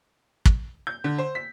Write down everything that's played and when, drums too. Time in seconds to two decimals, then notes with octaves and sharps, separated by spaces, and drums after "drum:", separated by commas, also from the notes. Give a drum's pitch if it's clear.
0.45 drum: kick
0.87 G6
1.04 D3
1.19 C5
1.35 B6